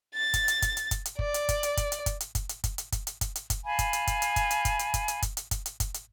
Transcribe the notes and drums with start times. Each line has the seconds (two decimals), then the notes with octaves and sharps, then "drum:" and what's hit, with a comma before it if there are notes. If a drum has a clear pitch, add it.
0.15 A6
0.34 drum: kick F#1, hi-hat
0.48 drum: hi-hat
0.62 drum: kick F#1, hi-hat
0.77 drum: hi-hat
0.91 drum: kick F#1, hi-hat
1.05 drum: hi-hat
1.19 D5, drum: kick F#1
1.34 drum: hi-hat
1.49 drum: kick F#1, hi-hat
1.63 drum: hi-hat
1.77 drum: kick F#1, hi-hat
1.92 drum: hi-hat
2.06 drum: kick F#1, hi-hat
2.20 drum: hi-hat
2.35 drum: kick F#1, hi-hat
2.49 drum: hi-hat
2.64 drum: kick F#1, hi-hat
2.78 drum: hi-hat
2.92 drum: kick F#1, hi-hat
3.07 drum: hi-hat
3.21 drum: kick F#1, hi-hat
3.36 drum: hi-hat
3.50 drum: kick F#1, hi-hat
3.64 F5 G#5 A5 B5
3.79 drum: kick F#1, hi-hat
3.93 drum: hi-hat
4.07 drum: kick F#1, hi-hat
4.22 drum: hi-hat
4.36 drum: kick F#1, hi-hat
4.51 drum: hi-hat
4.65 drum: kick F#1, hi-hat
4.79 drum: hi-hat
4.94 drum: kick F#1, hi-hat
5.08 drum: hi-hat
5.22 drum: kick F#1, hi-hat
5.37 drum: hi-hat
5.51 drum: kick F#1, hi-hat
5.66 drum: hi-hat
5.80 drum: kick F#1, hi-hat
5.94 drum: hi-hat